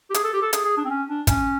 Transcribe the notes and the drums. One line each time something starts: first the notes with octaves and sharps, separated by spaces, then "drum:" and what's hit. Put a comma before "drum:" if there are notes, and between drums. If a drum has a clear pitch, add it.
G4
G#4, drum: hi-hat
A4
G4
A4
G#4, drum: hi-hat
G#4
D4
C4
C#4
D4
C#4, drum: kick, hi-hat